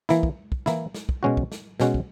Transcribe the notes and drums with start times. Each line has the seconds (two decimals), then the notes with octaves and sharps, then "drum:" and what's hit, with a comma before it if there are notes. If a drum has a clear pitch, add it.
0.09 E3 A#3 E4, drum: snare
0.23 drum: kick
0.52 drum: kick
0.66 E3 A#3 E4, drum: snare
0.95 drum: snare
1.09 drum: kick
1.23 B2 G#3 C#4 F#4
1.37 drum: kick
1.52 drum: snare
1.80 B2 G#3 C#4 F#4, drum: snare
1.94 drum: kick